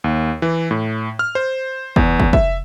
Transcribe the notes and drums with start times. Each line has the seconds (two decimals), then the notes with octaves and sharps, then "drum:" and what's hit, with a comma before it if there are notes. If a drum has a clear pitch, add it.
0.04 D#2
0.42 E3
0.71 A2
1.19 F6
1.35 C5
1.96 E2, drum: kick
2.20 drum: kick
2.33 E5, drum: kick